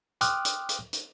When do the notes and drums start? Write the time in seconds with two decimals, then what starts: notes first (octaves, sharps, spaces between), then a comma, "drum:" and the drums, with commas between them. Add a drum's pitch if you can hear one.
0.21 G5 C6 D6 D#6 F6 F#6, drum: hi-hat
0.45 drum: hi-hat
0.69 drum: hi-hat
0.93 drum: hi-hat